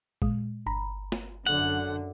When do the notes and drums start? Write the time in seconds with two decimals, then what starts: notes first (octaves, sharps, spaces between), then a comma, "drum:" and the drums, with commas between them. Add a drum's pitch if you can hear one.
0.22 A#2 G#3, drum: kick
0.66 G1 A#5 B5
1.12 drum: snare
1.46 F#2 D3 F#5